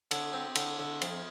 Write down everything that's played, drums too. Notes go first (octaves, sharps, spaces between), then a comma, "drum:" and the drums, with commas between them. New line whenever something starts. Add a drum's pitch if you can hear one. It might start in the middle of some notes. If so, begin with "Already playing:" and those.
D3, drum: cymbal
C4
D3, drum: cymbal
D3
F2, drum: cymbal